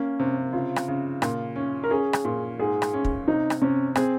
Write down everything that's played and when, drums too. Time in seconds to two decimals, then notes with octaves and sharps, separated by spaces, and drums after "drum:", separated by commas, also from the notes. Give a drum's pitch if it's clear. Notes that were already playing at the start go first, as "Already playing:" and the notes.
Already playing: A#3 C#4
0.19 C3
0.53 C#3 F4
0.76 drum: rim click
0.88 C#3
1.22 A#2, drum: rim click
1.56 C#4
1.84 A#4
1.90 C#4 G#4
2.13 drum: rim click
2.25 A#2
2.59 G#2 G#4
2.82 drum: rim click
2.94 C#4
3.05 drum: kick
3.28 C3 D#4
3.50 drum: rim click
3.61 C3 C#4
3.95 C4 G#4, drum: rim click